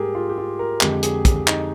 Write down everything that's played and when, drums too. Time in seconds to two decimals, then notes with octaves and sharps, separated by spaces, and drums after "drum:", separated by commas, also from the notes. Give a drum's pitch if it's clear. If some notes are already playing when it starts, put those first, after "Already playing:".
Already playing: G#2 G3 A#3 G4 G#4 A#4
0.15 F4
0.30 G4
0.38 F4
0.59 A#4
0.81 F2 D3 G#3 G4, drum: clap
1.03 G#4, drum: hi-hat
1.25 drum: kick, hi-hat
1.47 D#4, drum: clap